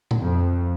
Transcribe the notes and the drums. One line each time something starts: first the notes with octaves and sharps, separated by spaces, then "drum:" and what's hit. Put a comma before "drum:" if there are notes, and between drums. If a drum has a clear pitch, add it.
drum: tom A#2
F2